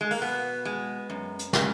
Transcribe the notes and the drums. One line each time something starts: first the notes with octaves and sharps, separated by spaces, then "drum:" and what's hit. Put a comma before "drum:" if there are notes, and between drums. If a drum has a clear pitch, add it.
G#3
A#3, drum: open hi-hat
B2 B3
G#3
F#2
drum: hi-hat
C#3, drum: snare